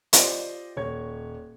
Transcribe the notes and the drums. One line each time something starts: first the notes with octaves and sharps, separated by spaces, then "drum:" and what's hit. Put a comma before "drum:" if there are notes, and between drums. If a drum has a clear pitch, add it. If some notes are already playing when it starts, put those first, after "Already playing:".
F4 G4 C5 D5 D#5 C6, drum: hi-hat
D#1 C#5 G#6